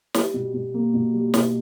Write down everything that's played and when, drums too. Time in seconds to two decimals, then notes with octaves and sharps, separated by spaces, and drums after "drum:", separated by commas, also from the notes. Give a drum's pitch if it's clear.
0.14 G3, drum: snare
0.34 B2
0.54 B2
0.74 A#3
0.94 B2
1.14 G3
1.34 B2, drum: snare